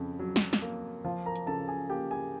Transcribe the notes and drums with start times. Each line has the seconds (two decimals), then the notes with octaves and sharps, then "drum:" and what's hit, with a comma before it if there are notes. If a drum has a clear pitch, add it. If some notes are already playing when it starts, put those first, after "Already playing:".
Already playing: F2 C#3
0.19 F#3
0.36 drum: snare
0.53 drum: snare
0.62 A#3
1.04 F3 F4 F5
1.26 A#4 A#5
1.36 drum: hi-hat
1.47 C#3 A4 A5
1.68 G#4 G#5
1.89 A#3 G4 G5
2.11 G#4 G#5